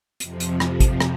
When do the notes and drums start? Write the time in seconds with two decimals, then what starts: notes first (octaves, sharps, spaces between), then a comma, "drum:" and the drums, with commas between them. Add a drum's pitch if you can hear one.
0.20 F2 C3 F3, drum: hi-hat
0.40 drum: hi-hat
0.60 drum: rim click
0.80 drum: kick, hi-hat
1.00 drum: rim click